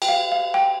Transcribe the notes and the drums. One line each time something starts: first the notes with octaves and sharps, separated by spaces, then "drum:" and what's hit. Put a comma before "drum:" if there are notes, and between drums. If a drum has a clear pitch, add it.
G5, drum: cymbal
F5
F5
G5